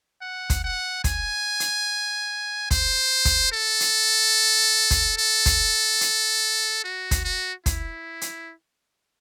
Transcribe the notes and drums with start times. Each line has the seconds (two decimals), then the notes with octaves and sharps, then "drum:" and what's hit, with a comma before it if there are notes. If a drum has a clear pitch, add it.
0.22 F#5
0.50 drum: kick, hi-hat
0.64 F#5
1.04 G#5, drum: kick, hi-hat
1.60 drum: hi-hat
2.71 C5, drum: kick, hi-hat
3.25 drum: kick, hi-hat
3.52 A4
3.80 drum: hi-hat
4.91 drum: kick, hi-hat
5.18 A4
5.46 drum: kick, hi-hat
6.01 drum: hi-hat
6.84 F#4
7.11 drum: kick, hi-hat
7.25 F#4
7.66 E4, drum: kick, hi-hat
8.21 drum: hi-hat